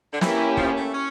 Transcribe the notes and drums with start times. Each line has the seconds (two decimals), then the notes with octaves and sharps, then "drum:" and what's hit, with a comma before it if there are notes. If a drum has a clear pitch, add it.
0.13 D3
0.21 E3 A#3 C#4 E4 G4, drum: snare
0.57 F3, drum: kick
0.76 A3
0.94 C#4